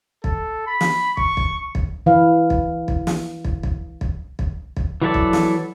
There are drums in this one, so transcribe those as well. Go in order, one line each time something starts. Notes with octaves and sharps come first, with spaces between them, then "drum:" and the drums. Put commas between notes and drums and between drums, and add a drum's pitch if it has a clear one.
A4, drum: kick
B5
drum: snare
C#6, drum: kick
drum: kick
drum: kick
E3 B4 F5
drum: kick
drum: kick
drum: snare
drum: kick
drum: kick
drum: kick
drum: kick
drum: kick
E3 F#3 E4 A4 D5
drum: kick
drum: snare